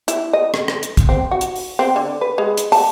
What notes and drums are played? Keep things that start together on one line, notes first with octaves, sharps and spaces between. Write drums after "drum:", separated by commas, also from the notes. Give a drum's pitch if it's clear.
E4, drum: hi-hat
D#5
drum: rim click
drum: rim click
drum: hi-hat
drum: kick, hi-hat
C4
F#4
drum: hi-hat
drum: open hi-hat
C4
D3
B4
G#3
drum: hi-hat
A5, drum: open hi-hat